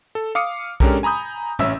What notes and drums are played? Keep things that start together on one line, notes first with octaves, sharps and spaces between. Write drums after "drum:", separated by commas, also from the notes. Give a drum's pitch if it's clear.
A4
F5 D6 D#6 C#7
G#3 C#4 D4 G4 A4 A#4, drum: kick B1
G#5 A#5 B5 D#6 G6
A1 C#4 E5 E6, drum: tom